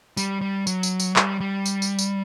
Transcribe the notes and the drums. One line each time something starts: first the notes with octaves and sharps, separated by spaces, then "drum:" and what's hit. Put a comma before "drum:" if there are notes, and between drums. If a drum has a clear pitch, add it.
G3, drum: tambourine
G3
F#3, drum: tambourine
drum: tambourine
drum: tambourine
G3, drum: clap
G3
drum: tambourine
drum: tambourine
drum: tambourine